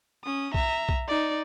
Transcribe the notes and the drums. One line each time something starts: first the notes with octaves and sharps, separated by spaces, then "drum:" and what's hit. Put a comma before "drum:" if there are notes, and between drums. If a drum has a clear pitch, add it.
C#4 D#6
E5 A#5, drum: kick B1
drum: kick B1
D#4 D5